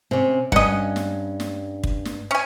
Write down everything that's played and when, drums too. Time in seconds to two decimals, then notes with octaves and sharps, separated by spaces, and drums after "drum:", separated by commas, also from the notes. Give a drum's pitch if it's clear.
0.11 C3 C#4
0.52 G2 C#4 D#5 F#5, drum: kick
0.96 drum: snare
1.40 drum: snare
1.83 drum: kick
2.05 drum: snare
2.31 C#4 G#5